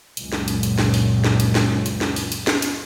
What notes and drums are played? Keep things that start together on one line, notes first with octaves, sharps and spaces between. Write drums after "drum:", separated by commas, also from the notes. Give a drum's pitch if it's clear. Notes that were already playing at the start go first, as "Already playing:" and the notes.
C#2 F#2 A#2, drum: hi-hat
drum: snare
drum: hi-hat
drum: hi-hat
drum: snare
drum: open hi-hat
drum: snare
drum: hi-hat
drum: snare
drum: hi-hat
drum: snare
drum: open hi-hat
drum: hi-hat
drum: snare
drum: hi-hat